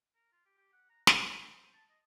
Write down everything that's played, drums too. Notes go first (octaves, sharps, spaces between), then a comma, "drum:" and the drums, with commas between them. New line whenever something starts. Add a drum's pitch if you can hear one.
A#4
F4
G4
G4
F#5
A#5
C#5, drum: snare
C5
A5
D#5